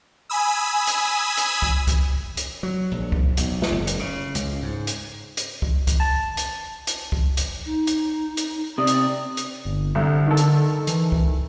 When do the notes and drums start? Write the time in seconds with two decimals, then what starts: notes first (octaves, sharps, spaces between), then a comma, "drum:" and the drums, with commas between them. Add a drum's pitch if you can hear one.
0.30 G#5 B5 D#6 E6
0.87 drum: hi-hat
1.37 drum: hi-hat
1.62 drum: kick C2
1.87 drum: kick C2, hi-hat
2.37 drum: hi-hat
2.63 F#3
2.91 A#1
3.12 drum: kick C2
3.37 B1, drum: hi-hat
3.62 drum: snare
3.72 F#1
3.87 drum: hi-hat
3.99 C#3
4.35 C#2, drum: hi-hat
4.62 G#2
4.87 drum: hi-hat
5.37 drum: hi-hat
5.62 drum: kick C2
5.87 drum: kick C2, hi-hat
6.00 A5
6.37 drum: hi-hat
6.87 drum: hi-hat
7.12 drum: kick C2
7.37 drum: hi-hat
7.66 D#4
7.87 drum: hi-hat
8.37 drum: hi-hat
8.78 C3 D5 D#6
8.87 drum: hi-hat
9.37 drum: hi-hat
9.65 G1
9.95 C2 D3
10.27 D#3 A4
10.37 drum: hi-hat
10.87 E3, drum: hi-hat
11.12 drum: kick C2